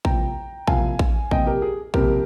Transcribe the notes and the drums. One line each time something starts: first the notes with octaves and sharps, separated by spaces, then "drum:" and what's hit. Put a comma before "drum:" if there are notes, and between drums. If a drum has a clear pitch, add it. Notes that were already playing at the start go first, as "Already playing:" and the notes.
C2 A#2 F3 C4 G5 A#5, drum: kick A1
C2 A#2 F3 C4 F5 G#5, drum: kick A1
drum: kick A1
C2 A#2 F3 C4 D#5 G5, drum: kick A1
G4 A#4
G#4
C2 A#2 F3 C4 G4 A#4, drum: kick A1